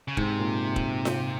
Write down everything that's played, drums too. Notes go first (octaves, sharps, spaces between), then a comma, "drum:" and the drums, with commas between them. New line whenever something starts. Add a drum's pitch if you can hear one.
C#3
G#2 C3, drum: kick
A#2
drum: kick
drum: snare F4